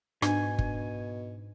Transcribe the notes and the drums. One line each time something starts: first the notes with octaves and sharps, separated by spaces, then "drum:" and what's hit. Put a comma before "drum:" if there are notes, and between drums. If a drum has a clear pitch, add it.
G#2 B2 D4 G#5, drum: rim click
drum: kick